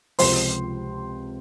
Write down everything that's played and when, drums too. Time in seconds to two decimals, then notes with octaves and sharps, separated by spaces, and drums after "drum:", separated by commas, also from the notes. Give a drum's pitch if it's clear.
0.19 C#2 C3 F3 C5 C6, drum: open hi-hat